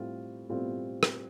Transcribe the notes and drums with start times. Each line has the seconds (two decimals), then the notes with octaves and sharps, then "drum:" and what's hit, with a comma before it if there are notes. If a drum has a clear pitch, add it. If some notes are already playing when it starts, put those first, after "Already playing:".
Already playing: A2 G3 C4 F4
0.49 A2 G3 C4 F4
1.03 drum: rim click